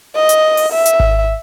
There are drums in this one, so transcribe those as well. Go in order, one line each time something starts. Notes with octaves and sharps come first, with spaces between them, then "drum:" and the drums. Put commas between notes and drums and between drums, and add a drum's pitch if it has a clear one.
D#5
drum: hi-hat
drum: open hi-hat
E5
drum: hi-hat
drum: kick G#1